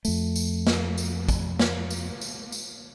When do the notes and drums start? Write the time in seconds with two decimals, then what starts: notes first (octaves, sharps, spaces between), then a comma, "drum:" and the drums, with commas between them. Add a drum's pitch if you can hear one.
0.05 F2 A3, drum: tambourine
0.36 drum: tambourine
0.67 drum: snare
0.98 drum: tambourine
1.29 drum: kick, tambourine
1.59 drum: snare
1.90 drum: tambourine
2.21 drum: tambourine
2.52 drum: tambourine